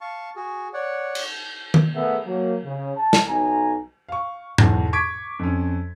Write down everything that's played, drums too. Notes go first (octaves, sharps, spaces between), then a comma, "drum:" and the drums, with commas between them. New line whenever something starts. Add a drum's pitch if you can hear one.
F5 A5 C#6
F#4 G#4
C#5 D5 F#5
drum: cymbal
drum: tom D#3
A3 B3 G#4 A#4 E5 F#5
F#3 A#3
C#3
A5
drum: snare
B1 G#5 A#5
F5 C#6
B1 E2, drum: tom G#2
C#6 D6 G#6 B6 D7
F2 C#4